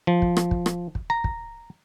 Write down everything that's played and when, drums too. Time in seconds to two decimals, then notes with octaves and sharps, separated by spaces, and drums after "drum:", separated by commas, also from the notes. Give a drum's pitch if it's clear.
0.07 F3
0.22 drum: kick
0.37 drum: rim click
0.51 drum: kick
0.66 drum: rim click
0.95 drum: kick
1.10 A#5
1.24 drum: kick